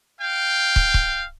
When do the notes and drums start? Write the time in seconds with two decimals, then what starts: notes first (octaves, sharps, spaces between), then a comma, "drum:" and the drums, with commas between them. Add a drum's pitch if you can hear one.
0.21 F5 G5
0.76 drum: kick
0.94 drum: kick